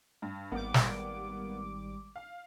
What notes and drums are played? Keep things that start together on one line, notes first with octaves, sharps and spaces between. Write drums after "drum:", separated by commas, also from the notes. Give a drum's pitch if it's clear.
G2
G#1 G3 A#3 B3 D6
drum: snare
F5